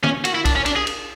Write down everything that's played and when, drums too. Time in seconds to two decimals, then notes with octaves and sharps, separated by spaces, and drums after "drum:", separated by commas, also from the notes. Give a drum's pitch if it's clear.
0.04 C#4, drum: tom
0.25 F#4, drum: cymbal
0.35 E4
0.45 D4, drum: kick B1, cymbal
0.56 C#4
0.66 D4, drum: cymbal
0.76 G#4
0.87 drum: cymbal